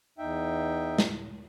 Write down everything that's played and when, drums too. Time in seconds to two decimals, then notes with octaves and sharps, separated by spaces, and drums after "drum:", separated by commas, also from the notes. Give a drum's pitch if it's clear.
0.18 E2 D#4 E5 G5
0.98 drum: snare